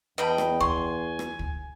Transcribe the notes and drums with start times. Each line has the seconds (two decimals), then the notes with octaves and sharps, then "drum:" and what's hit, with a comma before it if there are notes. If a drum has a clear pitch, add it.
0.18 E2 B4 D#5 G5 A5 B5
0.38 drum: rim click
0.60 G#5 C6 C#6, drum: kick
1.19 drum: rim click
1.39 drum: kick